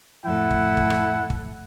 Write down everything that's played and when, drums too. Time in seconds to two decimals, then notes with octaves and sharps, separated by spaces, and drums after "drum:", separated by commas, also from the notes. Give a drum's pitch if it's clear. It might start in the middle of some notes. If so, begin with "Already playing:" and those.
0.24 F2 A2 E4 A4 F#5
0.51 drum: kick
0.77 drum: kick
0.90 drum: rim click
1.30 drum: kick